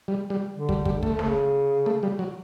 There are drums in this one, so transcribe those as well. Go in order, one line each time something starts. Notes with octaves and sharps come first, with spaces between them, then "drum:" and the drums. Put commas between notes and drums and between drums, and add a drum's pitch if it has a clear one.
G3
G3
D3
G3, drum: kick
G3, drum: kick
A3, drum: kick
C#3, drum: snare
A3
G3
F#3